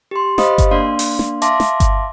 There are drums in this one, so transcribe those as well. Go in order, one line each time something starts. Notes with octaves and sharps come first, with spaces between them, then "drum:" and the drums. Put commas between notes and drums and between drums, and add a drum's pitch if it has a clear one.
G4 C6
G4 C5 D#5 F5 B5 D#6, drum: snare
drum: kick G1, hi-hat
A#3 D4 D5 F5 C6
drum: open hi-hat
drum: snare
E5 F5 A5 C6 D6 A#6, drum: hi-hat
drum: snare
drum: kick G1, hi-hat